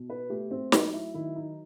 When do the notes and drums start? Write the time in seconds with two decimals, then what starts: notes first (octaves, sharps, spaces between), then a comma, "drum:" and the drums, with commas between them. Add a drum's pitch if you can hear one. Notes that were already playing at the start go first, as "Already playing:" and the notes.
Already playing: B2
0.10 B4
0.30 A3 G4
0.51 C4
0.72 F#3 D#4, drum: snare
0.93 E4
1.14 D#3 E4
1.36 D#4